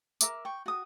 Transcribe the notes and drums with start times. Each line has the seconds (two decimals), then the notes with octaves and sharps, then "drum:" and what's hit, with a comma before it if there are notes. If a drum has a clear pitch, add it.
0.21 A#4 E5 D6, drum: tambourine
0.45 G5 C#6
0.66 F#4 D#6